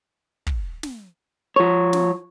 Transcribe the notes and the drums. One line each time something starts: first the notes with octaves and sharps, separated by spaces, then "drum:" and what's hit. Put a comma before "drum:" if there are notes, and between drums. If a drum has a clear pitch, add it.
drum: kick
drum: snare
F3 C#5
drum: snare